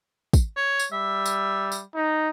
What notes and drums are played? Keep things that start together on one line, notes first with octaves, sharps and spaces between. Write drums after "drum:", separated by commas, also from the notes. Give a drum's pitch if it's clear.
drum: kick, tambourine
C#5
drum: tambourine
G3 E5
drum: tambourine
drum: tambourine
D#4